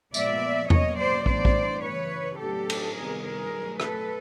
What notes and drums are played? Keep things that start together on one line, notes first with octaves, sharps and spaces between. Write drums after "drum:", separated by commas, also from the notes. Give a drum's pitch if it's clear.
A#2 F3 G#3 B3 D5 E5, drum: tambourine
B2 F#3 A#3 C#4 C#5 D#5, drum: tom E2
C5 D5
A2 E3 G3 B3 D4 C5 D5, drum: kick
drum: kick
F#2 C#3 E3 B4 C#5
A2 F#3 B3 D4 G4 A4
drum: cymbal
C3 D#3 G3 B3 G#4 A#4
G#4 A#4
B2 F#3 A3
A4 B4, drum: rim click